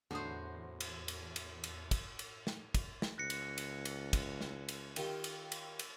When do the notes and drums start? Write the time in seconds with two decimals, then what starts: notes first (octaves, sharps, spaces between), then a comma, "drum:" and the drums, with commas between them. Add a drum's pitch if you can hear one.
0.11 E2 A2 D3 F#4 C5 D#6
0.80 drum: cymbal
1.08 drum: cymbal
1.36 drum: cymbal
1.64 drum: cymbal
1.91 drum: kick, cymbal
2.19 drum: cymbal
2.47 drum: snare
2.74 drum: kick, cymbal
3.02 drum: snare
3.18 C#2 F#6 A#6 C#7
3.30 drum: cymbal
3.58 drum: cymbal
3.85 drum: cymbal
4.13 drum: kick, cymbal
4.41 drum: snare
4.69 drum: cymbal
4.96 D#3 F4 G4, drum: cymbal
5.24 drum: cymbal
5.52 drum: cymbal
5.79 drum: cymbal